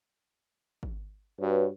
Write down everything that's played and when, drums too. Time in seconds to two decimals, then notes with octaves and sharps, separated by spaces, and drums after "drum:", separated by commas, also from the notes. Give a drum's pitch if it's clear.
0.83 drum: kick G#1
1.40 G2 F#4 B4 C#5